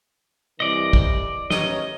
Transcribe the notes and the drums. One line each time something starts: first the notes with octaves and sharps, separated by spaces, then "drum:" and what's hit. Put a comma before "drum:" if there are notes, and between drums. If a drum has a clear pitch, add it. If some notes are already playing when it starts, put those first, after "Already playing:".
C2 E3 D5 D#5
drum: kick A1
A1 A#4 C#5 D#5, drum: snare